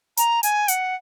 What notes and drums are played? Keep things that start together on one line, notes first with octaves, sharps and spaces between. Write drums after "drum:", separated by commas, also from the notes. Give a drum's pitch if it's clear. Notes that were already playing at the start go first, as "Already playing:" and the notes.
A#5, drum: hi-hat
G#5, drum: hi-hat
F#5, drum: hi-hat